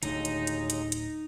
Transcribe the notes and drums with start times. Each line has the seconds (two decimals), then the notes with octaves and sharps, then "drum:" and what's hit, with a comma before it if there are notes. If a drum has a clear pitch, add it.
0.03 D1 D#2 A2 D3 F#3 G#3 D#4, drum: hi-hat
0.25 drum: hi-hat
0.47 drum: hi-hat
0.70 drum: hi-hat
0.92 drum: hi-hat